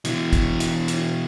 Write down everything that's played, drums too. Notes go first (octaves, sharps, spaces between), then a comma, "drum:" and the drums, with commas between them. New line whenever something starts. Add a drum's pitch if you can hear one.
B2 E3, drum: hi-hat
drum: kick, hi-hat
drum: hi-hat
drum: hi-hat